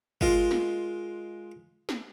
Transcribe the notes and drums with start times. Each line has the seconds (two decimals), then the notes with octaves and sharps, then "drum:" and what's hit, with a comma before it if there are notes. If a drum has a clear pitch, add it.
0.21 G#3 F4 A#4, drum: kick
0.51 drum: snare
1.89 drum: snare